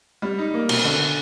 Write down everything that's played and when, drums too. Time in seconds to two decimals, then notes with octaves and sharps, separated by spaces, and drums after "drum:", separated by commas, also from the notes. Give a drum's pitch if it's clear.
0.22 G3
0.39 D#4
0.54 A#3
0.69 B2, drum: cymbal
0.84 D3